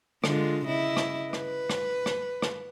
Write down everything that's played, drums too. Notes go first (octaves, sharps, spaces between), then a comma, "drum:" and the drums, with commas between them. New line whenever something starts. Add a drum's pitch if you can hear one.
D3 G#3 F4, drum: rim click
C#3 E4 D#5
drum: rim click
B4, drum: rim click
drum: rim click
drum: rim click
drum: rim click